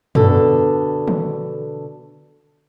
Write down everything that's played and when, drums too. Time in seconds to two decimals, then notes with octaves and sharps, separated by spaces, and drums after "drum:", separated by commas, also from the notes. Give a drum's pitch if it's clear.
0.15 B2 D3 A4, drum: tom
1.08 drum: tom D#3